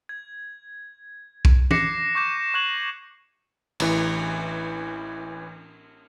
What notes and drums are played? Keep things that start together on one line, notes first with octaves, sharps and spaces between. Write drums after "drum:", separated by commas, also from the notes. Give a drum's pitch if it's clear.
G#6
drum: kick B1
D6 F#6 A#6 C7 C#7 E7, drum: tom
C#6 D6 G6 E7
C#6 F#6 G#6 F#7
A1 E3, drum: cymbal